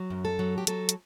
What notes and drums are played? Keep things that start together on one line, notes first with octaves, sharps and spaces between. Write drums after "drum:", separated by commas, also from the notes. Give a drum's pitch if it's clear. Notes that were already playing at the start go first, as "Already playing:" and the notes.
Already playing: F#3
F#2
A4
F#3
G4
F#3 A4, drum: hi-hat
drum: hi-hat